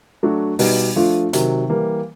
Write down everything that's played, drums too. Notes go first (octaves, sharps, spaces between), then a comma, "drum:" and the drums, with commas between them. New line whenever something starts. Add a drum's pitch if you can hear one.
F#3 A3 D4 F#4
B2 G3 B3 D#4, drum: open hi-hat
F3 A3 D4 F4
C3 D#3 F#3, drum: hi-hat
E3 G3 A#3